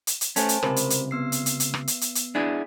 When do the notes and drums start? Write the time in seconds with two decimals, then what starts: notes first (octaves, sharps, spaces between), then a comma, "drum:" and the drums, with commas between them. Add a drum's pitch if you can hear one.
0.07 drum: hi-hat
0.21 drum: hi-hat
0.36 A3 C#4 C5 G#5 A5, drum: hi-hat
0.49 drum: hi-hat
0.63 C#2 C3 A#4 C5 B5, drum: rim click
0.76 drum: hi-hat
0.90 drum: hi-hat
1.11 B3 E6 C7
1.32 drum: hi-hat
1.46 drum: hi-hat
1.60 drum: hi-hat
1.74 drum: rim click
1.88 drum: hi-hat
2.01 drum: hi-hat
2.15 drum: hi-hat
2.35 D4 E4 G#4